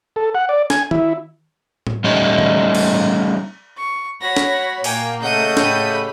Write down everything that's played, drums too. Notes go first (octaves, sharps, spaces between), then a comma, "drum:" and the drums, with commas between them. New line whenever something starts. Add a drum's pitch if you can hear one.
A4
F#5
D5
G#5, drum: snare
E4, drum: tom D#3
drum: tom A2
G3 A3 C#4 D#4 G4 C#5
drum: tom D#3
drum: cymbal
C#6
F#4 C#5 F#5 B5 A#6
drum: snare
A#2 A#3 G5 G#5, drum: open hi-hat
C#3 A3 D#5 F#5 G6 D#7
A2 G4 B5, drum: snare